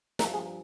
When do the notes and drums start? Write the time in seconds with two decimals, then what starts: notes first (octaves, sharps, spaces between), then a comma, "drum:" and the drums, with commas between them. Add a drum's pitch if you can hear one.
0.19 G2 F3 A#4, drum: snare
0.34 G#4